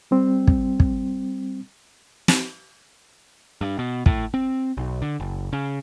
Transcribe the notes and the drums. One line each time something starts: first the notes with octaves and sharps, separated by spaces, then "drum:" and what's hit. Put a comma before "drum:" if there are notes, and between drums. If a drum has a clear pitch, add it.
G3 C4
drum: kick
drum: kick
drum: snare
G2
B2
A2, drum: kick
C4
B1
D3
F#1
C#3